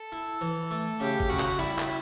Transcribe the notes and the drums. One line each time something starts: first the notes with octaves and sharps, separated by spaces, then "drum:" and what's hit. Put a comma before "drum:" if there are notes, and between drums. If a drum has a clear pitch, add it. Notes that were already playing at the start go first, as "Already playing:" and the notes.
Already playing: A4
E4
E3
A3
C#3 G4
drum: kick
C#3 F#4
drum: clap
G3 E4
drum: clap